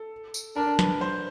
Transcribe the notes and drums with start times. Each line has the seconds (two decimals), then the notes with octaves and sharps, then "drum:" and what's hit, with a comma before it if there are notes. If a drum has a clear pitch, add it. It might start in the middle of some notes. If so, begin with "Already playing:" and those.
Already playing: A4
0.34 drum: tambourine
0.56 D4 A#4
0.79 B4, drum: snare
1.01 C5